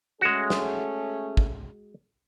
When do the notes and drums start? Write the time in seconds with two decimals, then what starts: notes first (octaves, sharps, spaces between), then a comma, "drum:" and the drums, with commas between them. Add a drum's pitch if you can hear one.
0.21 G#3 A3 C#4 F#4 G#4
0.50 drum: snare
1.37 drum: kick